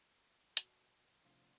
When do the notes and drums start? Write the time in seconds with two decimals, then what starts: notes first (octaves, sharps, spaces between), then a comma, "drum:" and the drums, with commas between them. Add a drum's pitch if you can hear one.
0.57 B2 F#4, drum: hi-hat
1.25 C3 F3 A3 D4 F4